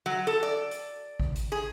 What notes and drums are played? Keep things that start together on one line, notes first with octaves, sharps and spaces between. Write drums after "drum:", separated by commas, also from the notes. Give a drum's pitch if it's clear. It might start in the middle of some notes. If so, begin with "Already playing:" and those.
F#3
A4
D5
drum: hi-hat
drum: kick G#1
drum: hi-hat
G#4